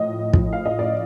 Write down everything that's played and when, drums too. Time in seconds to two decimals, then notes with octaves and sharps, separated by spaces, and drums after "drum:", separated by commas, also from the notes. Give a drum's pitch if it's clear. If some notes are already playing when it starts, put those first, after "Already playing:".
Already playing: A2 F3 D#5
0.33 A2 F3, drum: kick
0.53 F5
0.65 D#5
0.79 D5